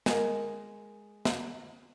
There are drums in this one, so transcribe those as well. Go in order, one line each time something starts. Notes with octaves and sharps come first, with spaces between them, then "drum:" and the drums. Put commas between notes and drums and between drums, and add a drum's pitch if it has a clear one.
G#3 A#4, drum: snare
drum: snare